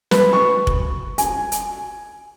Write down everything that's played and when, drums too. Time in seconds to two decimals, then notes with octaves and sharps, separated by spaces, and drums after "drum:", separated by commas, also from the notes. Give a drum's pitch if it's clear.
0.11 B4, drum: snare
0.33 C#6
0.67 drum: kick F1
1.18 G#5, drum: hi-hat
1.52 drum: hi-hat